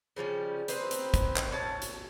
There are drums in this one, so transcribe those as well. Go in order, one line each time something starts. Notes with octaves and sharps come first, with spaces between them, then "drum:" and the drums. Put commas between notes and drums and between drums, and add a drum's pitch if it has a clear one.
C#3 F3 G3 C#4
C4 D#4 B4 C5, drum: hi-hat
drum: hi-hat
drum: kick, hi-hat
drum: clap
C#4 A5
drum: hi-hat